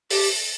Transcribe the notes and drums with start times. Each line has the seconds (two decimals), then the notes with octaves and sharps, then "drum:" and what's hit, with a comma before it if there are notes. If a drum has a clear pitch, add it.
0.11 G4, drum: open hi-hat